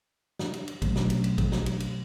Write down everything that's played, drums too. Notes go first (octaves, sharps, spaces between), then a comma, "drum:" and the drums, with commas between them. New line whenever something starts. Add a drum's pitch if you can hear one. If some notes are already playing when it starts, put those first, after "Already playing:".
drum: snare
drum: cymbal
drum: cymbal
B2 F#3 A3 C#4, drum: kick, cymbal
drum: snare
drum: cymbal
drum: cymbal
drum: kick, cymbal
drum: snare
drum: cymbal
drum: cymbal